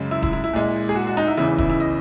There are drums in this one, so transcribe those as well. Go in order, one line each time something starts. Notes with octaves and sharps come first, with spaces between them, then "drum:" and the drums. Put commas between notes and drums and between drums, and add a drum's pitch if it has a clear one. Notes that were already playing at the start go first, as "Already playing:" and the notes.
Already playing: F#2 C#3 G#3
E4
E4, drum: kick E1
E4
E4
A#2 G#3
G#4
F#4
F#4
D#4
E4
E2 C#3 E3 E4
E4, drum: kick E1
E4
D#5